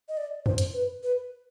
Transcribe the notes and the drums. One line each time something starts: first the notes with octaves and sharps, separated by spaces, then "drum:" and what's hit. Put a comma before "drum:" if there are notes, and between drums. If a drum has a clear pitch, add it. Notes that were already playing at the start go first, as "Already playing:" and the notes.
D#5
D5
C5, drum: tom F2
drum: hi-hat
B4
B4